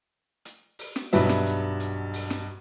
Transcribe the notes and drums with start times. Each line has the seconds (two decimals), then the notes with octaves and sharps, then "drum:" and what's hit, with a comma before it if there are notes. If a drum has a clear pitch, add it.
0.45 drum: hi-hat
0.79 drum: open hi-hat
0.96 drum: snare
1.13 B1 G2 F#3 B4 E5, drum: open hi-hat
1.29 drum: snare
1.46 drum: hi-hat
1.80 drum: hi-hat
2.14 drum: open hi-hat
2.30 drum: snare